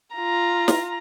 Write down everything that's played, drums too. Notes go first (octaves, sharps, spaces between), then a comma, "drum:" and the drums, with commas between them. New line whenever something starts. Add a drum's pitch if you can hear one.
F4 A#5
drum: snare